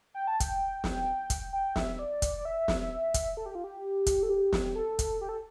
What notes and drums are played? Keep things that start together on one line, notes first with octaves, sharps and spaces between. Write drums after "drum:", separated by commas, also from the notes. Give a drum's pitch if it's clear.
G5
A5
G5, drum: kick, hi-hat
drum: snare
drum: kick, hi-hat
G5
E5, drum: snare
D5
drum: kick, hi-hat
D5
E5
drum: snare
drum: kick, hi-hat
A4
G4
F4
G4
drum: kick, hi-hat
A4
G4
drum: snare
A4
drum: kick, hi-hat
G4
A4